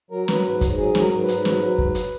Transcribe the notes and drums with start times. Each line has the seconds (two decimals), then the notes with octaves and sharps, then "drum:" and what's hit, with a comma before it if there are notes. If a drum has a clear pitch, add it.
0.11 F#3 A#4
0.28 F#3 B4, drum: snare
0.45 G#2 B4
0.61 G#2, drum: kick, hi-hat
0.78 F#3 G#4
0.95 F#3, drum: snare
1.01 A#4
1.11 G#2 A#4
1.23 B4
1.28 G#2, drum: hi-hat
1.45 F#3, drum: snare
1.62 F#3
1.78 G#2, drum: kick
1.95 drum: hi-hat